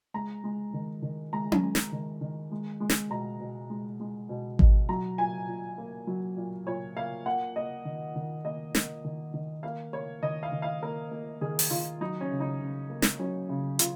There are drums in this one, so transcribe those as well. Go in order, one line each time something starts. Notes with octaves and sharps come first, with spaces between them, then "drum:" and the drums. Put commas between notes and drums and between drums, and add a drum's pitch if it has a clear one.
G#3 A#5
G#3
D#3
D#3
G#3 A#5
drum: tom C#4
G#3
drum: snare
D#3
D#3
G#3
G#3
drum: snare
B2 A#5
B2
G#3
G#3
B2
B2, drum: kick G#1
F#3 A#5
A#2 G#5
A#2
A#3
F#3
A#2
A#2 C#5
A#3 F5
A#3 F#5
A#3 D#5
D#3
D#3
A#3 D#5
A#3, drum: snare
D#3
D#3
A#3 F5
A#3 C#5
D#3 D#5
F5
D#3
F5
A#3 A#4
A#3
D#3 G#4
drum: open hi-hat
D#3 F4
F#3 D#4
C#4
C#3
D#4
C#3
A#3
drum: snare
F#3 C#4
C#3
C#3 F4, drum: hi-hat